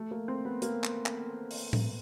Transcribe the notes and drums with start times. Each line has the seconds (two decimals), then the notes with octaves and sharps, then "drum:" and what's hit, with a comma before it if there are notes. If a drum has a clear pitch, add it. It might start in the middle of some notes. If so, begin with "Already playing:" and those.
Already playing: A3
0.11 A#3
0.28 C4
0.45 B3
0.62 A#3, drum: hi-hat
0.84 drum: clap
1.06 drum: clap
1.51 drum: open hi-hat
1.73 drum: tom A2